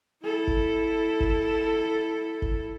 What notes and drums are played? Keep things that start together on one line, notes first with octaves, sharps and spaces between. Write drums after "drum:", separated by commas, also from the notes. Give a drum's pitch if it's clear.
E4 A4
drum: kick G1
drum: kick G1
drum: kick G1